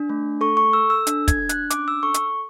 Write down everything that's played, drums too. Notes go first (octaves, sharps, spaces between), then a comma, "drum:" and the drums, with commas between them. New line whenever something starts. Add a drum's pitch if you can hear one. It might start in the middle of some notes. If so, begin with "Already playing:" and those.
Already playing: D4
A3
A4 C#6
C#6
A4 E6
E6
D4, drum: hi-hat
G#6, drum: kick, hi-hat
D4
F#6, drum: hi-hat
C#4 D6, drum: hi-hat
E6
A4 C#6
drum: hi-hat